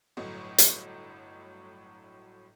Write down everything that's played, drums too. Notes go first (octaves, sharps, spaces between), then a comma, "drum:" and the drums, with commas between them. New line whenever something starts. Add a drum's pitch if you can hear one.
G1 A2 F#3 D#5
drum: hi-hat